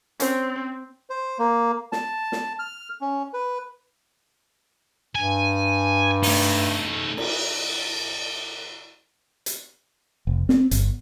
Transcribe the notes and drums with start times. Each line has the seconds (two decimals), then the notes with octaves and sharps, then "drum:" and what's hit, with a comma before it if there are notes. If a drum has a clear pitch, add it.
0.20 C4 C#4 C5, drum: hi-hat
1.10 C5
1.39 A#3
1.92 A5, drum: snare
2.32 drum: snare
2.59 F6
3.01 C#4
3.34 B4
5.15 G2 G#5
6.23 A3 D#4, drum: open hi-hat
7.17 drum: cymbal
9.46 drum: hi-hat
10.27 F1
10.49 C4, drum: snare
10.71 G1, drum: hi-hat